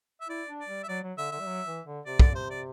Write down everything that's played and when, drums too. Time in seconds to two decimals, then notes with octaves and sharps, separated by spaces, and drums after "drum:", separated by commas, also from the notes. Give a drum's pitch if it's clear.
0.21 E5
0.29 E4 D5
0.49 D4
0.59 D5
0.68 G3
0.83 E5
0.88 F#3 D5
1.03 F#3
1.18 D3 E5
1.32 D3 E5
1.40 G3
1.47 F#3
1.66 E3
1.86 D3
2.06 C3 D5
2.19 D3 D5, drum: kick
2.34 C3 C5
2.50 D5